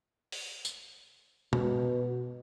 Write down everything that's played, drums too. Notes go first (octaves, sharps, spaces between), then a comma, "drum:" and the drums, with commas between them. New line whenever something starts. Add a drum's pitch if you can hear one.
drum: open hi-hat
drum: tambourine
B2, drum: tom B2